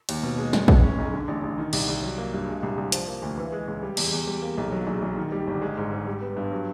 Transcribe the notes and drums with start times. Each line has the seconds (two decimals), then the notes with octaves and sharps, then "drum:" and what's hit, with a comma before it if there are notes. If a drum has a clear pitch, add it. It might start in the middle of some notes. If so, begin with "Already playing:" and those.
0.09 D#2, drum: cymbal
0.23 B2
0.38 G#3
0.53 F#1, drum: snare
0.68 G#3, drum: kick A#1
0.83 C#4
0.98 B1
1.13 D3
1.28 A1
1.43 A1
1.58 D#3
1.73 C2, drum: cymbal
1.88 C2
2.03 F#3
2.18 A#3
2.33 G2
2.48 G#3
2.63 C2
2.77 C2
2.92 F3, drum: hi-hat
3.08 A#3
3.22 D2
3.38 E3
3.52 G#3
3.68 C#2
3.83 G3
3.97 E2, drum: cymbal
4.12 E2
4.27 G3
4.42 A#3
4.57 B1
4.72 F#3
4.87 A#1
5.02 A#1
5.17 D#3
5.32 G3
5.47 G1
5.62 G#3
5.77 G#2
5.92 G#2
6.07 G3
6.21 B3
6.36 G2
6.52 F#3